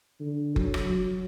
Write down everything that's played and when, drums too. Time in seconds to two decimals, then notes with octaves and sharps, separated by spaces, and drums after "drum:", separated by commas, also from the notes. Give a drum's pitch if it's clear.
0.20 D3
0.56 F#3, drum: kick F#1
0.74 drum: rim click
0.92 F#3